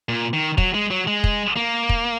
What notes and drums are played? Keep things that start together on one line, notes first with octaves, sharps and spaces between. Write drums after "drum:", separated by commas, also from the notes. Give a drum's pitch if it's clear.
A#2
D#3
F#3, drum: kick
G#3
F#3
G#3
drum: kick
A#3
drum: kick